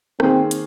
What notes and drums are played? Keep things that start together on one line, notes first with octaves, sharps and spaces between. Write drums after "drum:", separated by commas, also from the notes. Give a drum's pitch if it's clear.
D#3 A#3 C4 G#4, drum: rim click
drum: hi-hat